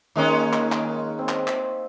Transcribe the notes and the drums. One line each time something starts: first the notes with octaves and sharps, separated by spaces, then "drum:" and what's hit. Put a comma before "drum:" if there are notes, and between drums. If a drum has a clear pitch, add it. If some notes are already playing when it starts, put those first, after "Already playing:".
D#3 G#3 A#3 C#4 D#4
drum: clap
drum: clap
C4
drum: clap
drum: clap